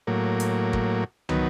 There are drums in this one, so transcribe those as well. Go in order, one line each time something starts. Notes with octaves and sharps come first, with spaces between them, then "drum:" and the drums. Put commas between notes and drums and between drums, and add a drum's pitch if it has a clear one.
A2 F#3 A#3
drum: hi-hat
drum: kick
D#3 F#3 B3, drum: tom